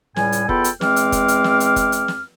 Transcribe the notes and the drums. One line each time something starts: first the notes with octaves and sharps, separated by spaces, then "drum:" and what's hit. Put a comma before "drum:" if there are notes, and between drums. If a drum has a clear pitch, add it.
C#2 A2 G3 G#5, drum: snare
drum: hi-hat
E2 B3 F4 A4 G5 B5, drum: kick F1
drum: hi-hat
E2 G#3 C4 D6 F6, drum: snare
drum: hi-hat
drum: kick F1, hi-hat
drum: hi-hat
drum: snare
drum: hi-hat
drum: kick F1, hi-hat
drum: hi-hat
drum: snare